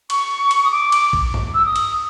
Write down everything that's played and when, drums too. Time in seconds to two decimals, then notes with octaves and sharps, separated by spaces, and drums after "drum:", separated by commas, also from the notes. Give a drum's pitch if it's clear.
0.10 C#6, drum: cymbal
0.51 drum: cymbal
0.64 D#6
0.71 D6
0.92 drum: cymbal
1.13 drum: kick A#1
1.34 drum: tom G2
1.54 E6
1.66 D#6
1.76 drum: cymbal